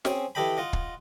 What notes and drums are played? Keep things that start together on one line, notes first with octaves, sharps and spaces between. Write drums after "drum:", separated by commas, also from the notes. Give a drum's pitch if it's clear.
C4 C#4 G#4, drum: snare
E3 G4 A4 D#5 G5 B5
F4 D#5 F#5
drum: kick